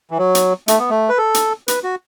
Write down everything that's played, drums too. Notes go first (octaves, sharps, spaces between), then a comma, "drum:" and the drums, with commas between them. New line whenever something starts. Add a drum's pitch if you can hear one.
E3
F#3
drum: hi-hat
A3, drum: hi-hat
B3
A3
B4
A4
drum: hi-hat
B4, drum: hi-hat
F#4